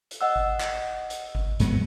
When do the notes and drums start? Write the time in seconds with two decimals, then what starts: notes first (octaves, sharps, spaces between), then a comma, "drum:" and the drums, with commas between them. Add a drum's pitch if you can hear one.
0.11 drum: hi-hat
0.21 D#5 F#5 E6
0.36 drum: kick G#1
0.61 drum: clap
1.10 drum: hi-hat
1.35 drum: kick G#1
1.60 G#2 F#3 B3, drum: hi-hat